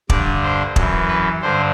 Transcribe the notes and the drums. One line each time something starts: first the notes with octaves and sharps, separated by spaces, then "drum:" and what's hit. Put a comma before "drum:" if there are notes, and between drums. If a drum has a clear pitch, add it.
G2 D3 D5, drum: kick
C5
F#2 E3, drum: kick
B4
G2 D3 C5